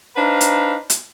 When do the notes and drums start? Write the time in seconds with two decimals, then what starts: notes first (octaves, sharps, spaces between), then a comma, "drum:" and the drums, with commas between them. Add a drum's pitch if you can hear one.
0.16 D4 D#4 B4 C5 F5 A#5
0.41 drum: hi-hat
0.90 drum: hi-hat